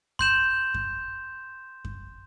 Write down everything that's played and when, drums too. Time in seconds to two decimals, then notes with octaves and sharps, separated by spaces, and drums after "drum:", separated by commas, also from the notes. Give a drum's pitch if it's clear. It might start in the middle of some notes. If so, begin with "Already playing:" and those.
0.19 C6 G6 E7, drum: kick F#2
0.74 drum: kick F#2
1.85 drum: kick F#2